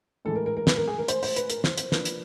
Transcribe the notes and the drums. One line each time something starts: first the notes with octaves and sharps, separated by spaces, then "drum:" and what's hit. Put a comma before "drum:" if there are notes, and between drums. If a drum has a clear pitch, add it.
A2 E3 G#3 A4
A#4
A#4
A#4
B4, drum: snare
A#4
G#4
A#4
C5, drum: hi-hat
C5, drum: open hi-hat
B4, drum: hi-hat
A#4, drum: hi-hat
C5, drum: snare
C5, drum: hi-hat
F3 A#3 D4 B4, drum: snare
drum: hi-hat